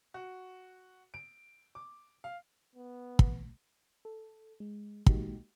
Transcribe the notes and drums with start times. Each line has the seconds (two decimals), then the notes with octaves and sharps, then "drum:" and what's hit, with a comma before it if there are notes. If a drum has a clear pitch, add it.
0.14 F#4
1.14 D7
1.75 D6
2.24 F5
2.75 B3
3.19 drum: kick
4.05 A4
4.60 G#3
5.06 G#3 A#3 D#4 F#4 G4, drum: kick